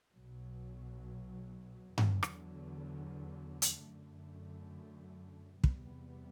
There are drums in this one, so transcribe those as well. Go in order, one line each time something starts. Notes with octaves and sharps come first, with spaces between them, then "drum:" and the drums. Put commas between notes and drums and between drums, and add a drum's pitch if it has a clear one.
B1 B2 F#3
E2 D3 F#3, drum: tom G2
drum: rim click
drum: hi-hat
F#2 D3 A3
E2 C3 G3 B3, drum: kick